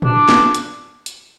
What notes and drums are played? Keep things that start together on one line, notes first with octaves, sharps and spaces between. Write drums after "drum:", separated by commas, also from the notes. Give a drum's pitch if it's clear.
D4, drum: tom
drum: snare
drum: hi-hat
drum: hi-hat